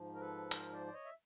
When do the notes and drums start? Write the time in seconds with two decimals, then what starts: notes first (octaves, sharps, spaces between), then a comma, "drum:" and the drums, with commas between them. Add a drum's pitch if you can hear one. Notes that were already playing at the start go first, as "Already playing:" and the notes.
Already playing: G#2 F3
0.15 A#4
0.20 A4 B4
0.51 A#4 C5, drum: hi-hat
0.72 C5 D5
0.87 D5
0.93 C#5 D#5
1.05 E5